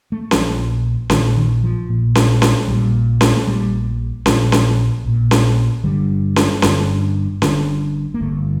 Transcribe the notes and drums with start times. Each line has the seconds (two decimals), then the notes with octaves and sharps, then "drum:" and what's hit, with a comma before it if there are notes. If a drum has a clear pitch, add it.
0.12 A3
0.31 A#1 A#2 F3, drum: snare C#4
1.10 A#1 A#2 D#3, drum: snare C#4
1.37 D#3
1.63 F3
1.89 A#1 A#2
2.15 drum: snare C#4
2.42 drum: snare C#4
2.68 A#1 A#2 G3
3.21 drum: snare C#4
3.37 A3
3.47 A#1 A#2 G3
4.26 A#1 A#2 F3, drum: snare C#4
4.52 drum: snare C#4
5.04 A#1 A#2
5.31 drum: snare C#4
5.84 G1 G2 D3 G3
6.36 drum: snare C#4
6.62 G1 G2 D3, drum: snare C#4
7.42 G1 G2 D3, drum: snare C#4
8.14 A#3
8.20 G1 G2 D3 A3